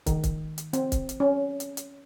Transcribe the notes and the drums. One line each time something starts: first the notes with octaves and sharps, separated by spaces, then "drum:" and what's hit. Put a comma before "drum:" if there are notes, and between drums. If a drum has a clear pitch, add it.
D#3, drum: kick, hi-hat
drum: kick, hi-hat
drum: hi-hat
C4, drum: hi-hat
drum: kick, hi-hat
drum: hi-hat
C#4
drum: hi-hat
drum: hi-hat